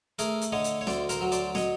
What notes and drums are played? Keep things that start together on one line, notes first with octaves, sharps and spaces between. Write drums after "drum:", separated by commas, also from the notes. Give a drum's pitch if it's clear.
A3 G#4 A#4, drum: hi-hat
drum: hi-hat
D3 C#5 D#5
drum: hi-hat
C#5
D2 C5 D5, drum: snare
A#4 C5, drum: hi-hat
F#3
C5 D5, drum: hi-hat
C#5 D#5, drum: snare